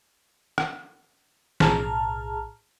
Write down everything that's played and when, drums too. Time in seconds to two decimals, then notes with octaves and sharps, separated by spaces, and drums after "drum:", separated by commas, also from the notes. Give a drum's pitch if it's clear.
0.58 drum: rim click
1.60 B1 A2 G#4 A5 A#5 F6, drum: snare